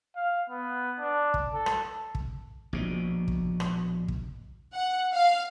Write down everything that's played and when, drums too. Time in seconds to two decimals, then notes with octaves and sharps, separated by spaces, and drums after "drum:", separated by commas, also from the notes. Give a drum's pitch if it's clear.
0.16 F5
0.50 B3
1.00 D4
1.34 drum: kick
1.54 A4
1.66 drum: rim click
2.15 drum: kick
2.73 A#1 B2
3.28 drum: kick
3.60 drum: rim click
4.08 drum: kick
4.73 F#5
5.14 F5